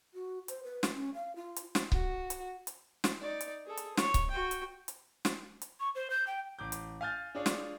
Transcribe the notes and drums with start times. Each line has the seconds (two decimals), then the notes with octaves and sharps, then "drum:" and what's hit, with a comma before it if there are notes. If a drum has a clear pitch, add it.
0.14 F#4
0.48 C5, drum: hi-hat
0.63 B4
0.83 drum: snare
0.95 C#4
1.14 F5
1.36 F4
1.56 drum: hi-hat
1.75 drum: snare
1.92 F#4, drum: kick C#1
2.30 drum: hi-hat
2.67 drum: hi-hat
3.04 drum: snare
3.21 D#4 D5
3.41 drum: hi-hat
3.67 G#4 A4
3.77 drum: hi-hat
3.97 C#5, drum: snare
4.14 drum: kick C#1, hi-hat
4.31 F#4 G5
4.51 drum: hi-hat
4.88 drum: hi-hat
5.25 drum: snare
5.62 drum: hi-hat
5.80 C#6
5.95 C5
6.10 G6
6.27 G5
6.59 A1 D6 G6
6.72 drum: hi-hat
7.01 F5 G#5 F6 G6 A6
7.35 D4 F4 G#4 C#5 D5
7.46 drum: snare